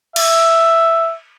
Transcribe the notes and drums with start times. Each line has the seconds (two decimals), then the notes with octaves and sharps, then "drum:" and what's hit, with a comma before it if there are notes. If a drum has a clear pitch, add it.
0.16 E5, drum: cymbal